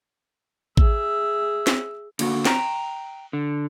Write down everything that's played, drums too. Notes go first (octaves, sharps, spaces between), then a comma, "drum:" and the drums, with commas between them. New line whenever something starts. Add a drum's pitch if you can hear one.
G#4 E5, drum: kick A1
drum: snare
D3 A#3 E4 F#4, drum: cymbal
G5 A#5, drum: snare
D3